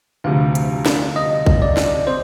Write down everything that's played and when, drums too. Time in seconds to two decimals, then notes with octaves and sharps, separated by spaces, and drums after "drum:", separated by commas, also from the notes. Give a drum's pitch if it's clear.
0.24 D2 C3 F3 F5
0.55 drum: hi-hat
0.86 drum: snare
1.16 D#5
1.46 drum: kick A#1
1.62 D5
1.77 drum: snare
2.07 C4 C5